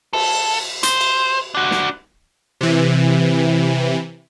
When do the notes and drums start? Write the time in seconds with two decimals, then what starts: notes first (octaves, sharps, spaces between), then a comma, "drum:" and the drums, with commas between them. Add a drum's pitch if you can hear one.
0.13 A4, drum: cymbal
0.83 C5, drum: hi-hat
1.01 drum: cymbal
1.55 D4 F#4
1.71 drum: snare
2.61 C3 E3